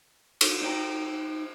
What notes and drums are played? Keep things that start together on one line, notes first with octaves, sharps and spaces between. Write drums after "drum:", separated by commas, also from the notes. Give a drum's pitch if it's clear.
drum: cymbal
D#4 C5 G5 A#5